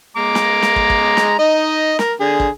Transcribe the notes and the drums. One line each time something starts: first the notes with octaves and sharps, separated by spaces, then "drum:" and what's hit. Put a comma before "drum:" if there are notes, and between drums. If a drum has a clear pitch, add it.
G#3 A#5 D6
drum: snare
drum: snare
drum: kick
drum: kick
drum: snare
D#4 D#5
A#4, drum: snare
D3 G#4
drum: kick